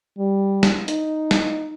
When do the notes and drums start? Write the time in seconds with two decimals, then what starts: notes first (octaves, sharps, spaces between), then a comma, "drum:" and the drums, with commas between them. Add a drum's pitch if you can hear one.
0.18 G3
0.63 drum: snare
0.88 D#4, drum: hi-hat
1.31 drum: snare